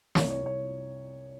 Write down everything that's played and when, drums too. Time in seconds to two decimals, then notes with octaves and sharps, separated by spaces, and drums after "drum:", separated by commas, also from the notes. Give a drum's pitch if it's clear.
0.15 C2 C#5, drum: snare
0.30 C#5
0.42 C2 C#5